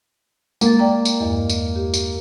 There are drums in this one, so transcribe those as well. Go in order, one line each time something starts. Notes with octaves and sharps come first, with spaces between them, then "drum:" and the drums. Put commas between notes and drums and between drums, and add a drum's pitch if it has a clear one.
G#3 A#3 A6, drum: tambourine
D5 G5 A#5
drum: tambourine
E2 G2 D#5
drum: tambourine
G4
drum: tambourine